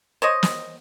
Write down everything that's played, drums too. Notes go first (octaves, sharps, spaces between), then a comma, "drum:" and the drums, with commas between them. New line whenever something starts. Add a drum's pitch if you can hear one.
C5 C#5 D#5
drum: snare